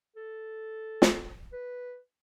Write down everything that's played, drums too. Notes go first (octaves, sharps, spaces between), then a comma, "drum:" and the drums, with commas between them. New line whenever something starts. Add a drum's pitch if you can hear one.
A4
drum: snare
B4